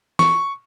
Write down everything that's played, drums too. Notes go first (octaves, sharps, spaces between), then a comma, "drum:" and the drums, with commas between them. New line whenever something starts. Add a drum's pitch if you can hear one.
C#6, drum: snare